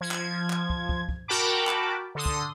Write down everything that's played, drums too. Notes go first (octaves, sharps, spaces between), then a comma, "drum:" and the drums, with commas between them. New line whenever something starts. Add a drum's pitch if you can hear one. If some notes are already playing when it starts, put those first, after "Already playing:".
F3 G#6
drum: clap
drum: clap
drum: kick
drum: kick
drum: kick
F#4 A#4 G5 A5 B5 D6
drum: clap
D3 A4 C6 D#6
drum: kick